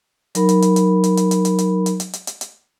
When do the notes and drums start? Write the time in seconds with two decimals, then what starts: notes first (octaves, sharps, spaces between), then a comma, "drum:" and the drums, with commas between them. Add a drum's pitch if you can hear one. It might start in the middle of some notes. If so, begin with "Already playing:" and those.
0.35 F#3 D#4 A#4 B5, drum: hi-hat
0.49 drum: hi-hat
0.62 drum: hi-hat
0.76 drum: hi-hat
1.04 drum: hi-hat
1.17 drum: hi-hat
1.31 drum: hi-hat
1.45 drum: hi-hat
1.59 drum: hi-hat
1.86 drum: hi-hat
2.00 drum: hi-hat
2.13 drum: hi-hat
2.27 drum: hi-hat
2.41 drum: hi-hat